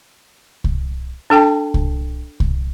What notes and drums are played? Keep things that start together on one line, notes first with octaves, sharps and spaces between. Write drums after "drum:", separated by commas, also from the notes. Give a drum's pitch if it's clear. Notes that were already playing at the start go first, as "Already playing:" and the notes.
drum: kick C2
D4 A4 G5 A5
drum: kick C2
drum: kick C2